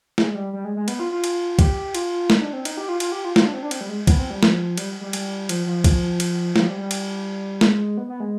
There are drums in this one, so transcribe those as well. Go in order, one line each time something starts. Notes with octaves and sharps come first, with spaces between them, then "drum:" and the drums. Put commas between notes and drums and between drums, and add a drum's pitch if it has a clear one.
G#3, drum: snare
G3
G3
G#3
G#3
B3, drum: cymbal
F4
F4
drum: cymbal
G4, drum: kick, cymbal
F4, drum: cymbal
D#4, drum: snare
D4
C4
D#4, drum: cymbal
G4
F4
F4, drum: cymbal
G4
F4
F4, drum: snare
D4
C4
D4
C4, drum: cymbal
G3
G#3
B3, drum: kick, cymbal
C4
G3
F3, drum: snare
G3, drum: cymbal
G3
G3, drum: cymbal
F3, drum: cymbal
F3
drum: kick, cymbal
drum: cymbal
F3, drum: snare
G3
G3
drum: cymbal
G#3, drum: snare
B3
B3
G#3